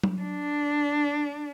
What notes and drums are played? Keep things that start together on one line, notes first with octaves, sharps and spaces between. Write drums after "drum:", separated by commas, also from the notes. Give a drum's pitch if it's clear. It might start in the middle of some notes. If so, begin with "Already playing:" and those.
drum: tom F#3
D4